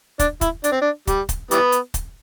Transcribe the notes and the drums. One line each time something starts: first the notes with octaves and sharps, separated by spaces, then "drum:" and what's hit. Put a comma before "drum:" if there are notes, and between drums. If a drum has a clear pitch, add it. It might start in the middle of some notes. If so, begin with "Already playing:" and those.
D4, drum: kick, hi-hat
E4, drum: kick, hi-hat
D4, drum: hi-hat
C4
D4
G3, drum: kick, hi-hat
drum: kick, hi-hat
E3 G3 B3, drum: hi-hat
drum: hi-hat
drum: kick, hi-hat